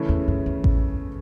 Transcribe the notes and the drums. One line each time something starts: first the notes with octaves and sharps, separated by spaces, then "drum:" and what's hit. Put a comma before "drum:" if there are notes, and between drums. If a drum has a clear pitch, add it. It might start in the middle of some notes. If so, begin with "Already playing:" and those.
Already playing: C#3 E3 A3 C#4 E4
E2
F#2
E2
drum: kick A1